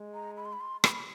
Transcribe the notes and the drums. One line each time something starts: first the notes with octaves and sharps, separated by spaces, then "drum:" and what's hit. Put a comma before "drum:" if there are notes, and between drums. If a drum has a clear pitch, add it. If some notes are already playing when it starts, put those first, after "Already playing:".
Already playing: G#3
A#5
B5
C6
B5
C6
B5, drum: rim click